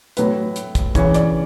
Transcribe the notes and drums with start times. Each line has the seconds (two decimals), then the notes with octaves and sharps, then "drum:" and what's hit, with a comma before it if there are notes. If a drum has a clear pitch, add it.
0.17 A2 F#3 B4, drum: hi-hat
0.56 drum: hi-hat
0.75 drum: kick, hi-hat
0.95 C#3 E3 C#5, drum: kick, hi-hat
1.14 D5, drum: hi-hat